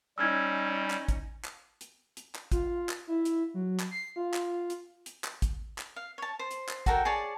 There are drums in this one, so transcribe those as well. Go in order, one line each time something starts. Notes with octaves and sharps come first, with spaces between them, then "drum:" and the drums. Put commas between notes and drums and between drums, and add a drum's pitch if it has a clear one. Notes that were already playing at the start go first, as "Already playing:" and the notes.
G3 C#4 D#4 E6 F6 G#6
drum: clap
drum: kick, hi-hat
drum: clap
drum: hi-hat
drum: hi-hat
drum: clap
F4, drum: kick, hi-hat
drum: clap
E4
drum: hi-hat
F#3
drum: clap
C7
F4
drum: clap
drum: hi-hat
drum: hi-hat
drum: clap
drum: kick, hi-hat
drum: clap
F5
C#5 A5
C5
drum: hi-hat
drum: clap
F#4 A4 A#4 G5, drum: kick, hi-hat
G#4 C#5 D5 A5